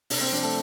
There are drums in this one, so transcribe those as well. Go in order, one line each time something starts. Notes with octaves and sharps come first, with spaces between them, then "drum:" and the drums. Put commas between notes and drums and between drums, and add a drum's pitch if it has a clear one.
C3 D4, drum: open hi-hat
C4
F3 D4
A3 A4